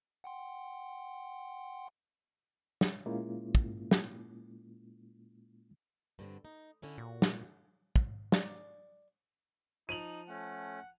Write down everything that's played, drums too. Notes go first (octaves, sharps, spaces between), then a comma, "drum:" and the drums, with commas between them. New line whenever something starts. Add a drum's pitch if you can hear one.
F#5 G5 C6
drum: snare
A#2 G#3 A#3 C#4 E4 F4
drum: kick
drum: snare
G2 D3 C4
D#4
D3 C#4 E4
A#2 F#4
drum: snare
drum: kick
D5 A#5, drum: snare
F3 D#4 D#7 F7 F#7
A3 C#4 F#5